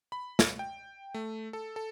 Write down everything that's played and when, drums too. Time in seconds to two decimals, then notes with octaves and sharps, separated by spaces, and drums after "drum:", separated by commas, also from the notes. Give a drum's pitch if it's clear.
0.12 B5
0.39 drum: snare
0.59 G5
1.14 A3
1.53 A4
1.76 A4